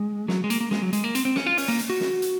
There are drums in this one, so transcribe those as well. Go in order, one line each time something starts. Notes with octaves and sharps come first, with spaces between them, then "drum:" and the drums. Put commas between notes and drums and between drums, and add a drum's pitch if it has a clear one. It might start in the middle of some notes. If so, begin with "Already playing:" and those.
Already playing: G#3
F#3, drum: snare
G#3
A#3, drum: hi-hat
A#3
G#3, drum: snare
F#3
G#3, drum: hi-hat
A#3
C4, drum: hi-hat
C4
C#4, drum: snare
F4
C#4, drum: open hi-hat
A#3
drum: hi-hat
F#4
drum: snare
drum: hi-hat